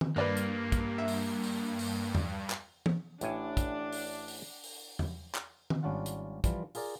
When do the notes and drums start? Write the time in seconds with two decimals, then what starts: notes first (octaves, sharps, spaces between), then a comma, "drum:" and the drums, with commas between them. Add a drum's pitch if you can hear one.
0.01 drum: tom D#3
0.16 G2 A#3 B4 D5 F#6
0.37 drum: hi-hat
0.72 drum: kick, hi-hat
0.98 E5
1.08 drum: open hi-hat
1.43 drum: open hi-hat
1.79 drum: open hi-hat
2.15 drum: tom E2
2.50 drum: clap
2.86 drum: tom E3
3.21 A1 A2 D4 G#5, drum: hi-hat
3.57 drum: kick, hi-hat
3.92 drum: open hi-hat
4.28 drum: open hi-hat
4.64 drum: open hi-hat
4.99 drum: tom E2
5.35 drum: clap
5.70 drum: tom D#3
5.83 G#1 G3 C#4 D4 F4 F#5
6.06 drum: hi-hat
6.44 E3 F3 G3 F4, drum: kick, hi-hat
6.75 F4 G#4 A#4 D5, drum: open hi-hat